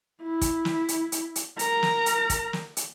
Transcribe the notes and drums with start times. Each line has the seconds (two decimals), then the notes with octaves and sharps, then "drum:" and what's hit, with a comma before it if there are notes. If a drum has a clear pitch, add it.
0.23 E4
0.41 drum: kick, hi-hat
0.65 drum: snare
0.88 drum: hi-hat
1.12 drum: hi-hat
1.36 drum: hi-hat
1.59 A#4 A#5, drum: hi-hat
1.83 drum: snare
2.06 drum: hi-hat
2.30 drum: kick, hi-hat
2.53 drum: snare
2.77 drum: hi-hat